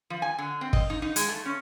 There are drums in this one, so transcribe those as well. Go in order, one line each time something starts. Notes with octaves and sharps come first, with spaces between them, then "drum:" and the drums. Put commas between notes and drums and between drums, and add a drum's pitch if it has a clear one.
F3
G#5
D3
C4
D#5, drum: kick
D#4
D#4
G#3, drum: hi-hat
A3
C#4